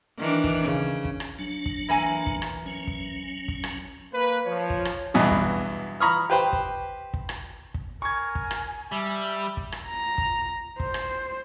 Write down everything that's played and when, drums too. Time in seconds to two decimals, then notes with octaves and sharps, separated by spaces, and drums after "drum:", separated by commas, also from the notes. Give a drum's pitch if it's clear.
0.18 D#3 E3 D4
0.44 drum: kick
0.62 C#3
1.05 drum: kick
1.20 drum: rim click
1.39 F#3 D4
1.66 drum: kick
1.88 E3 A#3 G#5
2.27 drum: kick
2.42 drum: rim click
2.66 F#3 C#4
2.87 drum: kick
3.48 drum: kick
3.64 drum: rim click
4.13 A#3 B4
4.46 F3 C#5
4.70 drum: kick
4.85 drum: rim click
5.14 E2 G2 B2 E3 F#3
5.31 drum: kick
6.00 A#5 B5 C#6 D#6 F6
6.30 G4 B4 C5 G5
6.53 drum: kick
7.14 drum: kick
7.29 drum: rim click
7.74 drum: kick
8.02 A#4 G#5 C#6 G#6
8.35 drum: kick
8.51 drum: rim click
8.92 G3 E5
9.57 drum: kick
9.72 drum: rim click
9.88 A#5
10.18 drum: kick
10.80 C5, drum: kick
10.94 drum: rim click